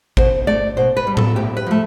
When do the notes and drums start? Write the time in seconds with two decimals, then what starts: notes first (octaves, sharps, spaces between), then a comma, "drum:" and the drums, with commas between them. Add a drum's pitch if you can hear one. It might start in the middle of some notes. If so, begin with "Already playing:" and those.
0.17 B2 C5, drum: kick G#1
0.47 A3 D5
0.77 B2 C5
0.97 B4
1.07 G3
1.17 A4, drum: tom A2
1.36 A2 G4
1.57 B4
1.66 F3 A3